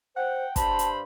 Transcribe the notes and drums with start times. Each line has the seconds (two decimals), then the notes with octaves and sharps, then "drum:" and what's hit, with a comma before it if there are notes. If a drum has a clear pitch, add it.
0.16 C5 F#5 G5
0.56 G2 C5 A5 B5, drum: kick, hi-hat
0.79 drum: hi-hat